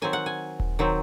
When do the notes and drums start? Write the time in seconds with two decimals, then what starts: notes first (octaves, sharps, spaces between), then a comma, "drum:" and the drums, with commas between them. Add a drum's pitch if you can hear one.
0.02 D#3 F#3 C4 G#5
0.13 F#5
0.26 G#5
0.60 drum: kick D#1
0.79 D#3 F#3 C4